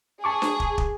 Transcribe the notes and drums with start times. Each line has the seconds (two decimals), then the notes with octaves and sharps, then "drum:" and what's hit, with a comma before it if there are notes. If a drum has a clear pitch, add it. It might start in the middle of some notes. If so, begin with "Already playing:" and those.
0.24 G#4 A5 C#6 D6
0.42 drum: snare
0.60 drum: kick
0.78 drum: kick